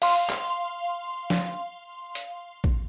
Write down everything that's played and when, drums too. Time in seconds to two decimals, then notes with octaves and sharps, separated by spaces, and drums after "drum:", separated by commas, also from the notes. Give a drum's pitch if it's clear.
0.02 F5 C6, drum: open hi-hat
0.30 drum: clap
1.30 drum: snare F3
2.15 drum: hi-hat
2.64 drum: kick